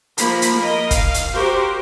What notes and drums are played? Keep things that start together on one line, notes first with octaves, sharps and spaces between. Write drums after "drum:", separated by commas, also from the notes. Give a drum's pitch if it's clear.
F3 A#3 B5, drum: hi-hat
drum: hi-hat
A#4 D#5
F5, drum: kick, hi-hat
drum: hi-hat
F#4 G4 A#4 C5